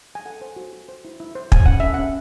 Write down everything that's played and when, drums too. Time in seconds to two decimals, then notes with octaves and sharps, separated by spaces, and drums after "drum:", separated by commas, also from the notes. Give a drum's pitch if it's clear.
0.15 G#5
0.26 A4 F#5
0.42 C5
0.56 F#4
0.73 F#4
0.88 C5
1.05 E4
1.20 E4
1.35 C5
1.52 C#5 G#5, drum: kick
1.66 C#4 F#5
1.80 C#4 E5
1.94 C#4 F#5